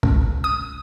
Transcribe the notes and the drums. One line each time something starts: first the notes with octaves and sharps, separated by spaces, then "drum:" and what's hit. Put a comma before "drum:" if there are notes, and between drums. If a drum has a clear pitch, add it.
C#2, drum: kick
D#6